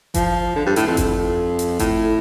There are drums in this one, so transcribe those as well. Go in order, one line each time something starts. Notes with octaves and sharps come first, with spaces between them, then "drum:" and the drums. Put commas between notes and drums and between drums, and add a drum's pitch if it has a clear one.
F3, drum: kick G1, hi-hat
D3
G2
A2, drum: hi-hat
F2
drum: kick G1, hi-hat
drum: hi-hat
A2, drum: kick G1, hi-hat